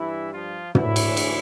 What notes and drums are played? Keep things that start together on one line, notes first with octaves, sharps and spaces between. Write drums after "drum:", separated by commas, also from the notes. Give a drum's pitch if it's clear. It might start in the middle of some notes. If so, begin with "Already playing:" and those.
Already playing: G2 E3 G3 E4
F3 F4
D2 D3 E3 F#3 E4, drum: tom
drum: cymbal
drum: cymbal